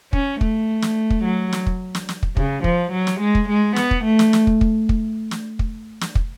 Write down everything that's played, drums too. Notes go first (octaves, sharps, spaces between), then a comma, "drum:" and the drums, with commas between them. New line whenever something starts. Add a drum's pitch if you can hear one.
C#4, drum: kick
A3, drum: kick
drum: snare
drum: kick
F#3
drum: snare
drum: kick
drum: snare
drum: snare
drum: kick
C#3, drum: kick
F3, drum: kick
F#3
drum: snare
G#3
drum: kick
G#3
B3, drum: snare
drum: kick
A3
drum: snare
drum: snare
drum: kick
drum: kick
drum: kick
drum: snare
drum: kick
drum: snare
drum: kick